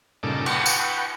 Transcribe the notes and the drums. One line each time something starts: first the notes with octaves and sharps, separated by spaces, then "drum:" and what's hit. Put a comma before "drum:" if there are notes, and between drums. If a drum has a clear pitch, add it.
G2 A#2 C#3 D#4 A4 D6
B4 F#5 G5 C#6, drum: cymbal
drum: tambourine